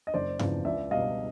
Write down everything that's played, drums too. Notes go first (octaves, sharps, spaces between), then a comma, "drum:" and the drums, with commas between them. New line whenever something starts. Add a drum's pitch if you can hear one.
D#5
F#1 C5 D5
E2 C#3 F3, drum: tom G2
C#2 D5 E5
B2 G3 D#5 F5